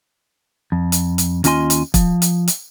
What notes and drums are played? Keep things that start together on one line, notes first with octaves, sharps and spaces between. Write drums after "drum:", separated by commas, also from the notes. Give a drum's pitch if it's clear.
F2
drum: hi-hat
drum: hi-hat
D#2 C#4 F4 D#5 G#5 C6, drum: hi-hat
drum: hi-hat
F3, drum: kick, hi-hat
drum: hi-hat
drum: hi-hat